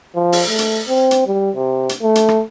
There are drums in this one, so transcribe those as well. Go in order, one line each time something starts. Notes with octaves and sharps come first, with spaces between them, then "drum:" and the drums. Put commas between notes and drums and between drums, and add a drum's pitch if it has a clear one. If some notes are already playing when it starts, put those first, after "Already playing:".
F3
drum: open hi-hat
A3
drum: hi-hat
C4
drum: hi-hat
G3
C3
drum: hi-hat
A3
drum: hi-hat
drum: rim click